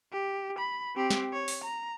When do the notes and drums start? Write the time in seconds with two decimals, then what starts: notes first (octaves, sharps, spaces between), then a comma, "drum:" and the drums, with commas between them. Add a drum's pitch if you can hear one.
0.13 G4
0.59 B5
0.95 C4 G4
1.10 drum: snare
1.33 C#5
1.48 drum: open hi-hat
1.64 A#5